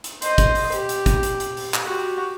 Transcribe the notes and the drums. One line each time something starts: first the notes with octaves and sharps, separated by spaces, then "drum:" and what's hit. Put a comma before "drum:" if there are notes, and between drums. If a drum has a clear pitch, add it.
drum: hi-hat
C5 D#5, drum: hi-hat
drum: kick, hi-hat
drum: open hi-hat
G4, drum: hi-hat
drum: hi-hat
drum: kick, hi-hat
drum: hi-hat
drum: hi-hat
drum: open hi-hat
drum: clap
F#4 G4